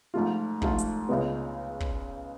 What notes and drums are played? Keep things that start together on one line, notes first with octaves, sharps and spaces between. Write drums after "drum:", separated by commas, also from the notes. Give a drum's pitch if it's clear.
G#2 F3 A3 F4
G#2 F3 A3 F4, drum: kick
drum: hi-hat
C#2 C#3 G#3 B3
drum: kick